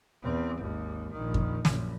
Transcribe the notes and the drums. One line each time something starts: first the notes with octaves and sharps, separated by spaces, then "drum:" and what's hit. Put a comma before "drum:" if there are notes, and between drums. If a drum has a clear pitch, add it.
E2 C4
G#1 D#2
A#1 D#3
drum: kick F2
A#1 F#2, drum: snare